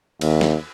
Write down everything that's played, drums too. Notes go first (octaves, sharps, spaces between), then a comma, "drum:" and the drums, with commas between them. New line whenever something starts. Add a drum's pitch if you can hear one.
D#2, drum: cymbal
drum: snare